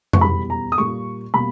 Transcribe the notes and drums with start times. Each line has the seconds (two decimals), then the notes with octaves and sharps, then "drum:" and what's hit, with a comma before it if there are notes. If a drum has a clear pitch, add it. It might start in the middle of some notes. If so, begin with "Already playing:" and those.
0.13 C#6, drum: tom F2
0.21 E2 B2 G3 B3 B5
0.50 A#5
0.72 D#6
0.78 A#2 G3 A#3 C#6
1.34 B2 G3 A#3 B5